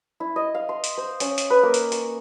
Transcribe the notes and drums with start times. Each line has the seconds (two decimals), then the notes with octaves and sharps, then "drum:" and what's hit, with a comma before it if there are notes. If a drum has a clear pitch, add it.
0.20 E4
0.36 D#5
0.55 F5
0.69 C6
0.84 drum: hi-hat
0.97 C5
1.20 C#4, drum: hi-hat
1.38 drum: hi-hat
1.50 B4
1.63 A#3
1.74 drum: hi-hat
1.92 C#6, drum: hi-hat